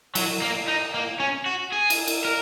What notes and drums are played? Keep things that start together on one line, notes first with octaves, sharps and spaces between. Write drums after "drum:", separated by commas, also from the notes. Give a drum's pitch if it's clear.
F#3, drum: cymbal
A#3
D#4
A#3
C#4
F#4
G#4
drum: cymbal
drum: cymbal
A#4